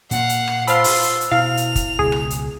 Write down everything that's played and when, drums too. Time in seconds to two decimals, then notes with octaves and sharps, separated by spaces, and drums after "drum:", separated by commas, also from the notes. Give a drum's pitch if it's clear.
0.11 A#2 A#3 F5 F#5, drum: hi-hat
0.29 drum: hi-hat
0.48 drum: rim click
0.67 F4 C5 F5 A5 B5 C6 E6, drum: hi-hat
0.84 drum: open hi-hat
1.02 drum: hi-hat
1.21 drum: hi-hat
1.32 B2 E4 F5 F7
1.57 drum: hi-hat
1.76 drum: kick, hi-hat
1.99 C#2 B2 G#4
2.12 drum: rim click
2.30 drum: hi-hat